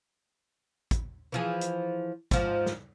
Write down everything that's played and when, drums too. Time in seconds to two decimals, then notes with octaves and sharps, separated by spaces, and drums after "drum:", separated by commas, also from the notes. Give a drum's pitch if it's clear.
0.91 drum: kick, hi-hat
1.32 E3 F3 G#4
1.61 drum: hi-hat
2.31 G#2 F3, drum: kick, hi-hat
2.66 drum: snare